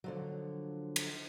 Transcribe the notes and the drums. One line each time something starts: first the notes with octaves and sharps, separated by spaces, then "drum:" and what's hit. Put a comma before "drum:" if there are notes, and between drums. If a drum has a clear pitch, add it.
D3 F3 F#3
drum: cymbal